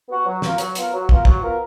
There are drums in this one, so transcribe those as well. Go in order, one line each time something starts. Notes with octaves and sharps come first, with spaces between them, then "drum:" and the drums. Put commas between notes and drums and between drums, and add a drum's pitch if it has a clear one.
B3 F#4
F#3
B3 F4 A#4, drum: snare
F#3, drum: hi-hat
B3 F4 A#4, drum: hi-hat
F#3
B3 F4 A#4, drum: kick
F#3, drum: kick
B3 F4 A#4